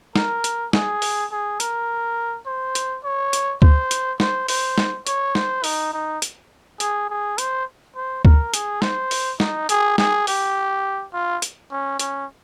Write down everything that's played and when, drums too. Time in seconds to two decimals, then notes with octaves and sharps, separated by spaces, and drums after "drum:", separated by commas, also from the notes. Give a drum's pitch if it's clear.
0.16 A#4, drum: snare
0.44 drum: hi-hat
0.73 G#4, drum: snare
1.02 drum: open hi-hat
1.31 G#4
1.60 A#4, drum: hi-hat
2.46 C5
2.75 drum: hi-hat
3.04 C#5
3.33 drum: hi-hat
3.62 C5, drum: kick D2
3.91 drum: hi-hat
4.20 C5, drum: snare
4.48 C5, drum: open hi-hat
4.78 drum: snare
5.07 C#5, drum: hi-hat
5.35 C5, drum: snare
5.64 D#4, drum: open hi-hat
5.93 D#4
6.22 drum: hi-hat
6.80 G#4, drum: hi-hat
7.09 G#4
7.38 C5, drum: hi-hat
7.96 C5
8.25 A#4, drum: kick D2
8.54 G#4, drum: hi-hat
8.82 C5, drum: snare
9.11 drum: open hi-hat
9.40 D#4, drum: snare
9.69 G#4, drum: hi-hat
9.98 G#4, drum: snare
10.27 G4, drum: open hi-hat
11.13 F4
11.42 drum: hi-hat
11.71 C#4
11.99 C#4, drum: hi-hat